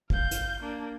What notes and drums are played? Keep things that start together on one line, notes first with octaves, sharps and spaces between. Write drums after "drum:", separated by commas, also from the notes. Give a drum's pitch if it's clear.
F5 G6, drum: kick
drum: hi-hat
A#3 D4